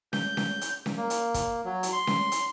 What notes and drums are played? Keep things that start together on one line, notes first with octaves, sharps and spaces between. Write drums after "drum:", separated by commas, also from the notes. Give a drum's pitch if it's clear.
G6, drum: snare C#4
drum: snare C#4
drum: hi-hat
drum: snare C#4
A#3
drum: hi-hat
drum: kick, hi-hat
F#3
drum: hi-hat
C6
drum: snare C#4
drum: hi-hat